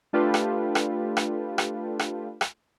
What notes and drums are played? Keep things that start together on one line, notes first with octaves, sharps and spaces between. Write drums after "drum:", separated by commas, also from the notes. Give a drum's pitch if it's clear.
A3 D4 F4 G4 A4 B4
drum: rim click
drum: rim click
drum: rim click
drum: rim click
drum: rim click
drum: rim click